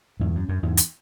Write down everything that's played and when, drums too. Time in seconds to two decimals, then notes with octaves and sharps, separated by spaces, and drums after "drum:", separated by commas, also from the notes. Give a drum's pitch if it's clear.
0.20 E2 G#2
0.35 F#2
0.49 F#2
0.63 E2 G#2
0.77 drum: hi-hat